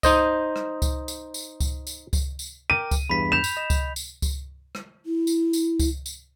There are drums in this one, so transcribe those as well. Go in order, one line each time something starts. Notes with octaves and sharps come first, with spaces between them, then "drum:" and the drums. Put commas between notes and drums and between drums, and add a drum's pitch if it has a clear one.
D#4 C5 D#5, drum: kick C#2, tambourine
drum: rim click
drum: kick C#2, tambourine
drum: tambourine
drum: tambourine
drum: kick C#2, tambourine
drum: tambourine
drum: kick C#2, tambourine
drum: tambourine
A#4 G5 D6 D#7
drum: kick C#2, tambourine
E2 G2 B5 B6
G6 E7 F7
drum: tambourine
D#5
drum: kick C#2, tambourine
drum: tambourine
drum: kick C#2, tambourine
drum: rim click
E4
drum: tambourine
drum: tambourine
drum: kick C#2, tambourine
drum: tambourine